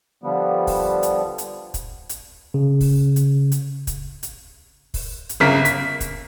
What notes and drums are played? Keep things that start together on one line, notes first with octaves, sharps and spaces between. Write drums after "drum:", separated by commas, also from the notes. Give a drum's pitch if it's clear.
D3 F3 G3 B3
drum: kick, open hi-hat
drum: hi-hat
drum: hi-hat
drum: kick, hi-hat
drum: hi-hat
C#3
drum: kick, open hi-hat
drum: hi-hat
drum: hi-hat
drum: kick, hi-hat
drum: hi-hat
drum: kick, open hi-hat
drum: hi-hat
G1 C#3 A#4 B6
B6, drum: hi-hat
drum: kick, hi-hat